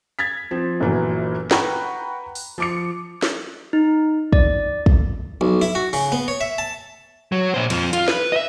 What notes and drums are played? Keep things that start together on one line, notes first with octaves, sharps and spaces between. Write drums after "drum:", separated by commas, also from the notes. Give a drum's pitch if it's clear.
G#6 A6 B6
F3 C4
G1 A#2 E3 F#3
B4 F#5 G5 A#5 B5 C#6, drum: snare
drum: open hi-hat
F3 D6 C#7
drum: snare
D#4
D5, drum: kick
drum: kick
B1
E4
F#4
C#3, drum: open hi-hat
B3
C#5
E5
A5
F#3
A#2 C5
F2 F3, drum: cymbal
F4, drum: hi-hat
B4, drum: snare
D#5 E5